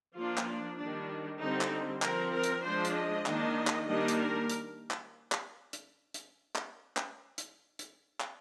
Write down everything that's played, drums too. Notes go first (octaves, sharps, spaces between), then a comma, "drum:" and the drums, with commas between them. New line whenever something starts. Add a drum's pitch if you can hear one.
F3 A#3 D4 F4
drum: clap
D4
D#3 G3 D4
D3 G3 C4 D#4
drum: clap
F3 C4 A#4, drum: clap
A#4
drum: hi-hat
F3 G#3 D4 C5
drum: hi-hat
D#5
D#3 A#3 D4, drum: clap
drum: clap
D#3 G3 A#3 D4 D#5
drum: hi-hat
A#4
drum: hi-hat
drum: clap
drum: clap
drum: hi-hat
drum: hi-hat
drum: clap
drum: clap
drum: hi-hat
drum: hi-hat
drum: clap